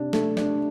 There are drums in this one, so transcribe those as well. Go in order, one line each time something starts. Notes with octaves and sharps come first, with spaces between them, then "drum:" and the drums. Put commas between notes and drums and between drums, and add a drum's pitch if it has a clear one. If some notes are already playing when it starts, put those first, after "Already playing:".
Already playing: C3 D4
A3, drum: snare
D4, drum: snare